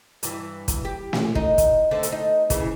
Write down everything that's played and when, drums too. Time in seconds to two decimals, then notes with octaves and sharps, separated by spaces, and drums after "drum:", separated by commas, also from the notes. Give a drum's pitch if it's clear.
0.23 G2 E3, drum: hi-hat
0.68 drum: kick, hi-hat
0.85 G4
1.13 drum: snare
1.35 D#4, drum: kick
1.58 drum: kick, hi-hat
1.91 D3 A3 C4
2.03 drum: hi-hat
2.12 D#4
2.50 D2 C#3 E3, drum: kick, hi-hat